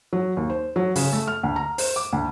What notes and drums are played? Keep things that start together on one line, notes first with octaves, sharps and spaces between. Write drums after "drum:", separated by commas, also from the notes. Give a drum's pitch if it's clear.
F#3
D#2
C5
F#3
C#3, drum: open hi-hat
A3
F6
D2
A#5
C5, drum: open hi-hat
D6
D2